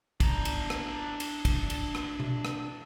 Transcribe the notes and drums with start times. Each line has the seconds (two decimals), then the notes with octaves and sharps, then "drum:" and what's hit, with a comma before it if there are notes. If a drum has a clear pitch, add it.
0.20 D4 A#5, drum: kick, cymbal
0.45 drum: cymbal
0.70 drum: rim click
1.20 drum: cymbal
1.45 drum: kick, cymbal
1.70 drum: cymbal
1.95 drum: rim click
2.20 drum: tom B2
2.45 drum: rim click